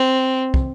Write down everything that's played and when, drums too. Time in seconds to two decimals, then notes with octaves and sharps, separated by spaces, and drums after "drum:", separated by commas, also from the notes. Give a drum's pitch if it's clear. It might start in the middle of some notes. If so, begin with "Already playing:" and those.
Already playing: C4
0.54 drum: kick